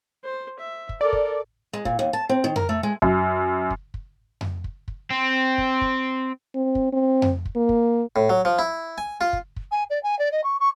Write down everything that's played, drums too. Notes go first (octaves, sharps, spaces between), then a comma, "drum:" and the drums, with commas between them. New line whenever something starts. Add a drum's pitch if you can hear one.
C5
E5
drum: kick
A4 A#4 D5
drum: kick
G#3
A#2, drum: kick
D#2
A5
C4
D#3
A#4, drum: tom F2
A3
G#3
F#2, drum: kick
drum: kick
drum: kick
drum: tom F2
drum: kick
drum: kick
C4
drum: kick
drum: kick
C4
drum: kick
C4
drum: tom F2
drum: kick
A#3
drum: kick
A2
F#3
F3
E4
G#5
F4
drum: kick
drum: kick
G#5
D5
G#5
D5
D#5
C#6
C#6